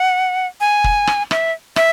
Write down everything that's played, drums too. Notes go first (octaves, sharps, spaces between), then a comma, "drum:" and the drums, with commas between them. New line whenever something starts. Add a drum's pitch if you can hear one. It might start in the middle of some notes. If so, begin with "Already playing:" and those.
Already playing: F#5
G#5
drum: kick
drum: rim click
E5, drum: rim click
E5, drum: rim click